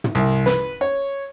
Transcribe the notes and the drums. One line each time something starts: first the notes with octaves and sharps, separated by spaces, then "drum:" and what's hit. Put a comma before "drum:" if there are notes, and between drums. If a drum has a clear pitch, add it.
drum: tom
C2
B4, drum: snare
C#5